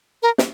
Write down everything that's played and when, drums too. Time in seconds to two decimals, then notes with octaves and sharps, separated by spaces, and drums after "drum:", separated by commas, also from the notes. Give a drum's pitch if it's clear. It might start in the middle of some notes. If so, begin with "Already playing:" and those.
0.22 A#4
0.38 drum: snare